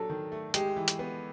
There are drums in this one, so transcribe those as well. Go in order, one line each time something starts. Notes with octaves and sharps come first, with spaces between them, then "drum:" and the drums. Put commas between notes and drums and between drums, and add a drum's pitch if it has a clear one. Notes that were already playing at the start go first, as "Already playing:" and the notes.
Already playing: F#3 D4 A4
D#3
A3
G#3 G4, drum: hi-hat
E3
drum: hi-hat
B3